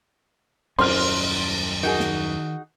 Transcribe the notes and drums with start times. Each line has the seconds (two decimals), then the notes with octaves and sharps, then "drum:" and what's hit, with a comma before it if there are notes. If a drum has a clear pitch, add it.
0.79 D#1 F#2 C#4 C5 C6 F6, drum: cymbal
1.83 D#3 D#4 F#4 G#4
2.00 drum: snare